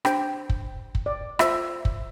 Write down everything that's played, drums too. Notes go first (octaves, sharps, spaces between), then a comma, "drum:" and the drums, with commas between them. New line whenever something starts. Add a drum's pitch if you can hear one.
D4 G4 C5 G5, drum: rim click
drum: kick
drum: kick
D5
F4 C5 E5, drum: rim click
drum: kick